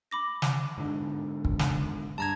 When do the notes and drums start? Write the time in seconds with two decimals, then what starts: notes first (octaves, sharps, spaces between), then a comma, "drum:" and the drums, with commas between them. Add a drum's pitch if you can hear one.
0.11 B5 D6 A#6
0.42 drum: snare
0.78 G#2 D3
1.45 drum: kick
1.59 drum: snare
2.18 G2 A5 A#5 G#6